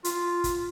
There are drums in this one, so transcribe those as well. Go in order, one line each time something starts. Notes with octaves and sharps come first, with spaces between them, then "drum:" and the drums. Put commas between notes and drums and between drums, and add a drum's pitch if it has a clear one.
F4, drum: hi-hat
drum: kick, hi-hat